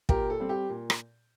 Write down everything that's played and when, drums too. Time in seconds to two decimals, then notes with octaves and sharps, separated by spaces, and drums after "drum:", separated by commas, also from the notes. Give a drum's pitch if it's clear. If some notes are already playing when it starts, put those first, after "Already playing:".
0.09 A#2 G4 A#4, drum: kick
0.30 A4
0.40 G3 C4
0.49 G4
0.69 A#2
0.90 drum: rim click